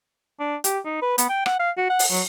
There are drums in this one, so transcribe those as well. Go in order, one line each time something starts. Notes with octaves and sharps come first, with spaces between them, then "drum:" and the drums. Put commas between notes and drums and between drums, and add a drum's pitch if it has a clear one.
D4
G4, drum: hi-hat
D#4
B4
B3, drum: hi-hat
G5
F#5, drum: rim click
F5
F#4
F#5
drum: open hi-hat
F#3